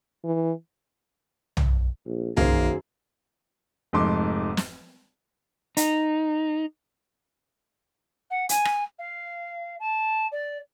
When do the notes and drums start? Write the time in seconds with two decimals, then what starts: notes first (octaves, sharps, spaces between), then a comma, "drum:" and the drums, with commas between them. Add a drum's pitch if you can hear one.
0.24 E3
1.57 drum: tom B1
2.06 A#1
2.37 F#2 D#3 A#3 G#4 C5, drum: tom B1
3.93 F1 F2 G#2 A3 C6 D6
4.57 drum: snare
5.77 D#4, drum: hi-hat
8.30 F#5
8.49 G#5, drum: hi-hat
8.65 drum: rim click
8.99 F5
9.80 A5
10.32 D5